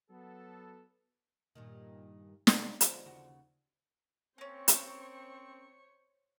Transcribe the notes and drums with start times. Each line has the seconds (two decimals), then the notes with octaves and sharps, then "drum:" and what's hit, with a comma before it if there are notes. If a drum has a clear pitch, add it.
0.10 F#3 B3 A4
1.55 G2 A#2 D#3
2.47 C3 F3 A4, drum: snare
2.81 D3 F3 G#3 B3, drum: hi-hat
3.05 D#2 C#3 F#4
4.38 A#3 C4 C#4 C5 C#5 C#6
4.68 drum: hi-hat